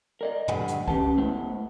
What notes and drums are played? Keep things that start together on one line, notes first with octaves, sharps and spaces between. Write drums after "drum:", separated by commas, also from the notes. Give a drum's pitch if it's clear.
A#4 D5 D#5
D2 D3 G3 B4 F#5 G#5, drum: tom
drum: hi-hat
C#4 G4 B4 A5, drum: kick C2
A3 B3 E4 C5